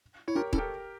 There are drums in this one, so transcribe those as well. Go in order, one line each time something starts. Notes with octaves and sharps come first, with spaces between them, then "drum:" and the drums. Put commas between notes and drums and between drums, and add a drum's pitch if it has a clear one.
E4 C#5
D4 F4 G4 A#4
C#4 E4 A4, drum: kick D#1
G4 A#4